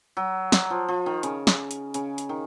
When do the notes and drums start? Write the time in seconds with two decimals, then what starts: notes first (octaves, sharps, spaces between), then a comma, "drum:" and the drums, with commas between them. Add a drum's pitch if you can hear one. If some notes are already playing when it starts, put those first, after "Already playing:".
0.17 F#3
0.52 drum: snare
0.70 F3
0.88 F3
1.06 D#3
1.23 C#3, drum: hi-hat
1.47 drum: snare
1.71 drum: hi-hat
1.94 C#3, drum: hi-hat
2.18 drum: hi-hat
2.29 D#3